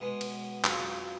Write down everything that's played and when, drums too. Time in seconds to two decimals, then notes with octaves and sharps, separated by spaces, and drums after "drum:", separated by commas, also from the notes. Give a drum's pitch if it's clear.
0.01 B2 G#3 B3
0.21 drum: cymbal
0.64 F2 C#3 F#3, drum: clap